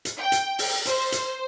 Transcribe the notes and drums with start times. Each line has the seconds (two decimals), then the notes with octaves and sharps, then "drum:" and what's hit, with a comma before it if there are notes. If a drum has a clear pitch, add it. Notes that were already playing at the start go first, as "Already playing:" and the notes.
0.05 drum: hi-hat
0.19 G5
0.32 drum: hi-hat
0.59 drum: open hi-hat
0.85 C5, drum: hi-hat
1.12 drum: hi-hat